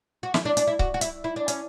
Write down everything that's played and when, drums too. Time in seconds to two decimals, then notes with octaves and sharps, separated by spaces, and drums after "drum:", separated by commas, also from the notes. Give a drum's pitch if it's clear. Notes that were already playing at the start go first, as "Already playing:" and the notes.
0.23 F#4
0.34 E4, drum: snare
0.45 D4
0.57 D4, drum: hi-hat
0.67 E4
0.79 F#4, drum: kick C#1
0.94 F#4
1.01 E4, drum: hi-hat
1.24 E4
1.36 D4
1.48 C#4, drum: hi-hat